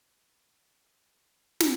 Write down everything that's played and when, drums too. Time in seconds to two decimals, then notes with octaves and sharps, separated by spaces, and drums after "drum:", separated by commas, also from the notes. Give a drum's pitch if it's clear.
0.10 C2 F#2 C3
0.57 A3
0.82 G2
1.05 F#3 G#3 B3 C#4 A#4 B4
1.22 F#3 G#3 A3 D4 B4 C#5
1.60 drum: snare